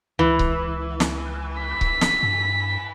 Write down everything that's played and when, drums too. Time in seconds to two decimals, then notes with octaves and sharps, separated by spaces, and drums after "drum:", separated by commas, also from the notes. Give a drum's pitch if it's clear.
0.19 C#2 E3
0.39 drum: kick C#1
1.00 drum: snare
1.62 B6
1.81 drum: kick C#1
2.01 drum: snare
2.23 G2